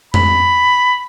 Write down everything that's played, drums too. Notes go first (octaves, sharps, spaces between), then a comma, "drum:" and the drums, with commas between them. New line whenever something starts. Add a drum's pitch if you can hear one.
B5, drum: tom F2